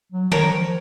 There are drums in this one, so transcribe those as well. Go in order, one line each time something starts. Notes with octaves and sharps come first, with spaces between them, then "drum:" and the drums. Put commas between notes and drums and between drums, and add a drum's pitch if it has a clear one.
F#3
D#3 A#4 C#5, drum: tom E3
F3